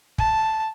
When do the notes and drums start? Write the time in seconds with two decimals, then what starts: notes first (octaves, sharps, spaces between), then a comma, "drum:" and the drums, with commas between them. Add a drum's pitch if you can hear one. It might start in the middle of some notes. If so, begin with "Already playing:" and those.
0.18 A5, drum: kick